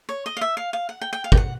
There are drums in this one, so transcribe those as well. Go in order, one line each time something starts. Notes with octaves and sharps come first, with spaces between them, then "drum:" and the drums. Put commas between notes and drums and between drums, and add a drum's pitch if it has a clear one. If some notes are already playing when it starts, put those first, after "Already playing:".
C#5
D#5
F5
E5
F5
F5
F#5
G5
G5
F5
G5, drum: kick
F#5